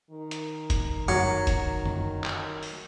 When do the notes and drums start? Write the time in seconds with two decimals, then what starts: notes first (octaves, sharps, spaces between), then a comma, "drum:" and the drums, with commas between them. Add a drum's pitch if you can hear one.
0.10 D#3
0.31 drum: hi-hat
0.70 drum: kick F1, hi-hat
1.08 F#3, drum: tom F#2
1.47 drum: kick F1, hi-hat
1.86 drum: tom F#2
2.24 drum: clap
2.63 drum: open hi-hat